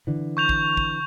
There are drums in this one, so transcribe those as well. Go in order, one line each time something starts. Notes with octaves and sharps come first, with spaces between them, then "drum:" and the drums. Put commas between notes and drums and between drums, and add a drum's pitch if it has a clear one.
D3 E3
C#6 G6 F7
drum: kick
drum: kick